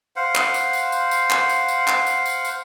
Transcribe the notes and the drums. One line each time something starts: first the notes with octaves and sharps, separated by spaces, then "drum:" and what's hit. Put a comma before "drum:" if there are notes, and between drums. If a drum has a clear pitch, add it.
C5 F5 F#5
drum: clap
drum: tambourine
drum: tambourine
drum: tambourine
drum: tambourine
drum: clap
drum: tambourine
drum: tambourine
drum: clap
drum: tambourine
drum: tambourine
drum: tambourine